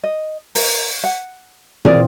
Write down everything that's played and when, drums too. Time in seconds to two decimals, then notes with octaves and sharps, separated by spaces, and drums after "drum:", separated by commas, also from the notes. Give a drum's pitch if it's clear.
0.03 D#5
0.55 A#4, drum: open hi-hat
1.04 F#5
1.85 E3 C4 F4 G#4 A#4 D5, drum: tom